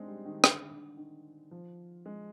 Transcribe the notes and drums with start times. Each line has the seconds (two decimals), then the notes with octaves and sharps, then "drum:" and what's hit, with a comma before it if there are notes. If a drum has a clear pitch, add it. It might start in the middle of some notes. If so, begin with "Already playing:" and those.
Already playing: G#3 C4 D4 D#4
0.08 G3
0.25 D#3
0.44 D3, drum: rim click
0.71 D3
0.97 D#3
1.51 F3
2.06 G#3